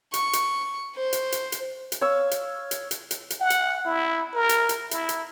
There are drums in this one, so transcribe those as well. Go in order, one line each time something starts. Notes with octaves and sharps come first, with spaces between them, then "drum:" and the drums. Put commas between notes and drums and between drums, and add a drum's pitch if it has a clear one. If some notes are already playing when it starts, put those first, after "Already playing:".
C#6, drum: hi-hat
drum: hi-hat
C5
drum: hi-hat
drum: hi-hat
drum: hi-hat
drum: hi-hat
C#5 F5 E6
drum: hi-hat
drum: hi-hat
drum: hi-hat
drum: hi-hat
drum: hi-hat
F#5
drum: hi-hat
E4
A#4
drum: hi-hat
drum: hi-hat
E4, drum: hi-hat
drum: hi-hat